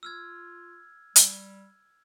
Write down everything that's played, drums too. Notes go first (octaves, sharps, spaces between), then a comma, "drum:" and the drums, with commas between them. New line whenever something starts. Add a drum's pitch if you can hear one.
F4 E6 F6 G#6
G3, drum: hi-hat